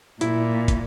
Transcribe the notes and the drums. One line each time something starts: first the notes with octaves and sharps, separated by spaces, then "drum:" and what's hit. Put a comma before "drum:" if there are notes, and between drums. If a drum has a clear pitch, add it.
A#2 E4, drum: hi-hat
drum: kick, hi-hat